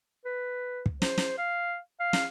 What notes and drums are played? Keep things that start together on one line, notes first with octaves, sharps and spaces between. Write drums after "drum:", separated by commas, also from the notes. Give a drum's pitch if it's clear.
B4
drum: kick
C5, drum: snare
drum: snare
F5
F5
drum: snare